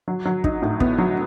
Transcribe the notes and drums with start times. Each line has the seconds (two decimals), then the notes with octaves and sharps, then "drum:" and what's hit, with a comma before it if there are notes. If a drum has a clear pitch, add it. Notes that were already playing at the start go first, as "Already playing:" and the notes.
0.08 F#3
0.25 F#3
0.44 D#4, drum: kick
0.62 A2
0.80 B3, drum: kick
0.98 F#3